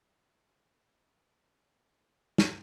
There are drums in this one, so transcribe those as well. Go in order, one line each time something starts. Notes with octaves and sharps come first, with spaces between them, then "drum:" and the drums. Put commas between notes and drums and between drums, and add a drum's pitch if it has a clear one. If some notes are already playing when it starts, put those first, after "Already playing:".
F#3 A3
C3 A3
A2
G#2
A2
drum: snare